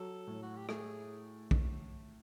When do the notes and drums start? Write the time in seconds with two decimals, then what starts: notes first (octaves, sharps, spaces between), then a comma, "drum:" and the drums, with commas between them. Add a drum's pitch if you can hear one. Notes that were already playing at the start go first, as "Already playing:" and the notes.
Already playing: F#3 A4
0.27 A2
0.43 F#4
0.56 G4
0.69 A3 G#4, drum: rim click
1.51 drum: kick